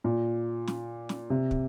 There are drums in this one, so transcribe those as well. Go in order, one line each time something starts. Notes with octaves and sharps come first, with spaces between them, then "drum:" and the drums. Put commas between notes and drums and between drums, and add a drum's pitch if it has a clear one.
A#2
drum: snare
drum: snare
C3
drum: kick